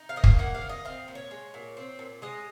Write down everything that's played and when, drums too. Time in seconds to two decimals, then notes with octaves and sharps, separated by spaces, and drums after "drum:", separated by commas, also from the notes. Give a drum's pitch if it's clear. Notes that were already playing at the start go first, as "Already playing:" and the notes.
Already playing: D#4
0.09 F5
0.16 D#3 D#5
0.24 F5, drum: kick
0.39 A#3 F#5
0.54 F5
0.61 D#3
0.69 D#5
0.85 C4 F5
1.08 A#2
1.15 C#5
1.31 G#3
1.54 A#2
1.77 C4
1.99 A#2
2.22 G#3 D#5